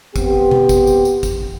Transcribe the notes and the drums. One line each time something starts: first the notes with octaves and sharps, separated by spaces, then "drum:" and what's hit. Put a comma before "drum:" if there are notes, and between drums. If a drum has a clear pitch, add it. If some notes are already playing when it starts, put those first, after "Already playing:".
B3 C4 G4, drum: kick, tambourine
drum: tom B2
drum: kick, tambourine
drum: tambourine
drum: tambourine
drum: kick, tambourine